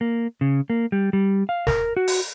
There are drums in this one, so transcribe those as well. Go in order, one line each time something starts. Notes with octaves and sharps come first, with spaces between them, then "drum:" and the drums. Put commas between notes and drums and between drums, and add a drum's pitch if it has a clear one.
A#3
C#3
A#3
G3
G3
F5
A#4, drum: snare
F#4
drum: open hi-hat